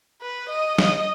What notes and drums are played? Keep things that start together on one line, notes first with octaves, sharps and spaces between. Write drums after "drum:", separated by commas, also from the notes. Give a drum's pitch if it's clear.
B4
D#5
D#5, drum: snare